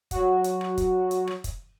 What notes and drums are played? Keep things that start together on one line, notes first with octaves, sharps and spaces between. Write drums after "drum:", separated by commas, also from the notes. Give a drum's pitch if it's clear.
F#3 F#4, drum: kick, hi-hat
drum: hi-hat
drum: rim click
drum: kick, hi-hat
drum: hi-hat
drum: rim click
drum: kick, hi-hat